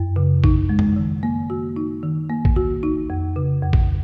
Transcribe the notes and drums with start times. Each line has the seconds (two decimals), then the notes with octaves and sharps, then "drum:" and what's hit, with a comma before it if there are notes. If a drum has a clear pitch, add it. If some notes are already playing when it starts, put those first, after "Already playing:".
Already playing: F#2
0.16 C#3
0.44 D#4, drum: kick
0.69 G#3
0.79 drum: tom F2
0.96 D#3
1.23 A#3
1.50 F#4
1.76 D#4
2.03 D#3
2.30 A#3
2.45 drum: kick
2.56 F#4
2.83 D#4
3.10 F2
3.36 C#3
3.63 F2
3.73 drum: kick